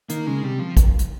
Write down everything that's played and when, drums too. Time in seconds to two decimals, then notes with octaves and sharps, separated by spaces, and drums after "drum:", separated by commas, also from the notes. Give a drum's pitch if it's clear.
0.09 D#3 A#3, drum: hi-hat
0.27 C#3 G#3
0.44 C3 G3
0.59 F3
0.77 drum: kick, hi-hat
0.99 drum: hi-hat